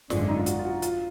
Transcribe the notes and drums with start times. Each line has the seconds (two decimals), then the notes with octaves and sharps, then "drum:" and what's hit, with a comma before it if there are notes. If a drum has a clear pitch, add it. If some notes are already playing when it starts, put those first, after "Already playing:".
0.10 G#1 F#2 D3 G#3, drum: snare
0.19 D4
0.28 D#4
0.37 F4
0.46 F#4, drum: hi-hat
0.59 F4
0.65 F#4
0.82 F4, drum: hi-hat